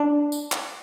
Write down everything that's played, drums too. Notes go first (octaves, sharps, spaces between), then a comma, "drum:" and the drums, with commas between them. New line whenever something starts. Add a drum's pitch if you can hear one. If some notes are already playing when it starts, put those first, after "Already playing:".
Already playing: D4
drum: tambourine
drum: clap